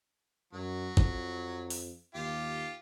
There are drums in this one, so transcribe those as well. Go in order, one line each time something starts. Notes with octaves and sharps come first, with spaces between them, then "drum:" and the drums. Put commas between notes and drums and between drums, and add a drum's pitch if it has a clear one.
F#2 F#3
F2, drum: kick
drum: open hi-hat
D#2 F4 G4